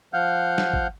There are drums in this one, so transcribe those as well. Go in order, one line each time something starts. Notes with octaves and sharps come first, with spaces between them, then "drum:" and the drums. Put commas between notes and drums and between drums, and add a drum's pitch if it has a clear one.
F3 F5 F#5 F6 G6
drum: snare
drum: kick